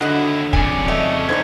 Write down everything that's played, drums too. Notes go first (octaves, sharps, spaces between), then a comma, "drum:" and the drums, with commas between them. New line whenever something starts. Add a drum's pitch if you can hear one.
D#2 D3 E4 F#4 D#5
F2 C#3 C#4 D5 G#5, drum: kick
A3 D#5
D3 E3 A3 D#4 C5 G#6